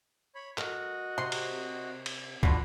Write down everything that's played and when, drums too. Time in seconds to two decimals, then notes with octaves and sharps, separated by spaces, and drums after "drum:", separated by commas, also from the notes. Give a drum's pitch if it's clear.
0.35 C#5 B5
0.58 F#4 A#4 D#5, drum: clap
1.18 C3 C6
1.32 drum: cymbal
2.06 drum: cymbal
2.43 B2 D3 F4, drum: kick